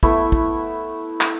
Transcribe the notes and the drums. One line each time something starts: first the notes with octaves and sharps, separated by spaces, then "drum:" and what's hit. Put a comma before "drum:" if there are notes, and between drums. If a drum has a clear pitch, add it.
A3 B3 E4 E5, drum: kick
drum: kick
drum: clap